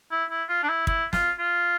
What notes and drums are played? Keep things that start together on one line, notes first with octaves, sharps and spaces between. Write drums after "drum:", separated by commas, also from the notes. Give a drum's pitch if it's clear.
E4
E4
F4
D4
E4
E4, drum: kick
F4, drum: snare
F4